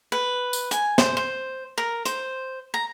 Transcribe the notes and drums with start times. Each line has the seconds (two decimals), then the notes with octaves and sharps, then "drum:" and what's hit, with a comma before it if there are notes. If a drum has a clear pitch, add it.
0.12 B4
0.53 drum: tambourine
0.71 G#5, drum: hi-hat
0.98 C5, drum: snare
1.17 C5
1.78 A#4
2.05 C5, drum: hi-hat
2.74 A#5